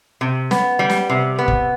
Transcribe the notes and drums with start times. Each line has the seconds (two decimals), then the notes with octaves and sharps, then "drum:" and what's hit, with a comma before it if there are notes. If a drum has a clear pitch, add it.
0.21 C3
0.51 B3, drum: snare
0.79 G3
0.90 drum: snare
1.10 C3
1.39 B3
1.48 drum: kick